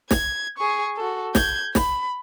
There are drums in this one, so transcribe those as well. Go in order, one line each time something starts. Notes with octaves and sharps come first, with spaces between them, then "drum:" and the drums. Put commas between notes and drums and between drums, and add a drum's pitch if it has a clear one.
G#6, drum: snare
G#4 C#6
F#4 A4
G6 G#6, drum: snare
B5, drum: snare